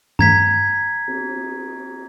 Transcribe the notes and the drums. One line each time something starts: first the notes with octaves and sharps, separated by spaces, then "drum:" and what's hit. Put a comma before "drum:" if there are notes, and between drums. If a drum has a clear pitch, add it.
A#5 G#6 B6, drum: tom G2
drum: cymbal